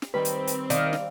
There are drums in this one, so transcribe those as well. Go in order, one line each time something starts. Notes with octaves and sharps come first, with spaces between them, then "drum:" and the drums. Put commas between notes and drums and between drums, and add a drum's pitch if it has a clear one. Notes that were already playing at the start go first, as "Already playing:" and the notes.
drum: snare
D#3 G3 C4 B4 B5
drum: hi-hat
drum: hi-hat
D#3 D5 F5, drum: hi-hat
drum: snare